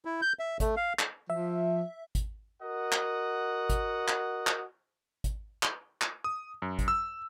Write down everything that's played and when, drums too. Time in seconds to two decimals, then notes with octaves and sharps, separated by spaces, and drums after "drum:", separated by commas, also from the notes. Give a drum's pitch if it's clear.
0.05 E4
0.22 G6
0.39 E5
0.60 A3, drum: kick G#1, hi-hat
0.77 F5
0.99 drum: clap
1.30 F3 E5
2.15 drum: kick G#1, hi-hat
2.61 F#4 A#4 D#5 F#5
2.92 drum: clap
3.70 drum: kick G#1, hi-hat
4.08 drum: clap
4.47 drum: clap
5.24 drum: kick G#1, hi-hat
5.63 drum: clap
6.01 drum: clap
6.24 D#6
6.62 F#2
6.79 drum: kick G#1, hi-hat
6.88 E6